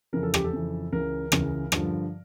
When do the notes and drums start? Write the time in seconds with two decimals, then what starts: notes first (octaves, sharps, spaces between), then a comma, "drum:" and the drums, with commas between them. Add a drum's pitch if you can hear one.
0.13 F2 C#3 E3 A#4
0.23 A4
0.34 G4, drum: rim click
0.44 A4
0.52 F2 C#3 E3
0.92 C#2 C#3 E3 A#4
1.32 C#2 C#3 E3, drum: rim click
1.72 G2 D3 F3, drum: rim click